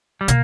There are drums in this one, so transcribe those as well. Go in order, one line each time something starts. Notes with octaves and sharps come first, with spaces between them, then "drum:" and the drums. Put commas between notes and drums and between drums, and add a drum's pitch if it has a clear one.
G3
B2 A#3, drum: hi-hat